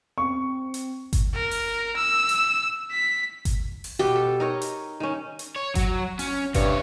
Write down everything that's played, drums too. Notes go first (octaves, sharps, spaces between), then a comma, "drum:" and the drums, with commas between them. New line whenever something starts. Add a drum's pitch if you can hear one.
C4 C#6
drum: hi-hat
drum: kick G1, hi-hat
A#4
drum: open hi-hat
E6
drum: hi-hat
B6
drum: kick G1, hi-hat
drum: open hi-hat
B2 B3 G4
A4
D#4 A#4 C#5
drum: hi-hat
D#3 C#4
drum: hi-hat
C#5
F#3, drum: kick G1, hi-hat
C#4, drum: open hi-hat
G2 C3 C#5, drum: kick G1, hi-hat